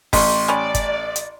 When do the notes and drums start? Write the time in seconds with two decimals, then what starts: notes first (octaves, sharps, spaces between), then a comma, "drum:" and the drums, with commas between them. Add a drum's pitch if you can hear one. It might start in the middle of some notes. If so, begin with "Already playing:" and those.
0.13 A1 G4 C6 C#6, drum: kick G1, open hi-hat
0.48 G3 C#4 D5
0.75 drum: kick G1, hi-hat
1.16 drum: hi-hat